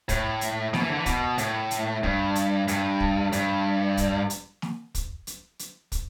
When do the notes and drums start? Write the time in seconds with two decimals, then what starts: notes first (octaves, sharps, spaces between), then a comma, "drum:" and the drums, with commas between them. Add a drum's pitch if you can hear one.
0.09 A2, drum: kick, hi-hat
0.41 drum: hi-hat
0.74 B2, drum: snare
0.81 E3
0.90 D3
0.98 E3
1.06 B2, drum: kick, hi-hat
1.38 A2, drum: hi-hat
1.71 drum: hi-hat
2.03 G2, drum: kick
2.35 drum: hi-hat
2.68 G2, drum: hi-hat
3.00 drum: kick
3.32 G2, drum: hi-hat
3.97 drum: kick, hi-hat
4.30 drum: hi-hat
4.62 drum: snare
4.95 drum: kick, hi-hat
5.27 drum: hi-hat
5.59 drum: hi-hat
5.92 drum: kick, hi-hat